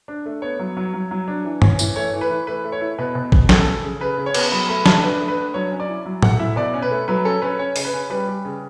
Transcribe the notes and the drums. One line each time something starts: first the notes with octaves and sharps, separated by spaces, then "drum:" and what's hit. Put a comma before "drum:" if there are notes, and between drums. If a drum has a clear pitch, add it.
D4
A3
B3 C#5
F#3
F#3
F#3
F#3
D4
E3
C#4, drum: tom G2
E3, drum: tambourine
A3 C#5
E3
B4
E3
A3 B4
A3
C#5
E4
B2 B4
B2
B2, drum: kick
C#3 A4, drum: snare
C#3
C#3
C#3 B4
C#3
C#5
B3, drum: cymbal
F#3 B5
A3 B5
D4 A5, drum: snare
D4 B4
A3
B4
D4
F#3 C#5
C#4
D5
E4
F#3
A3 F#5, drum: tom
E4 E5
B2 D5
C#4
B4
A3
F#3 B4
C#4 A4
C#4 B4
C#4 C#5
C#3, drum: open hi-hat
B4
C#4
G3 B4
G3
C#3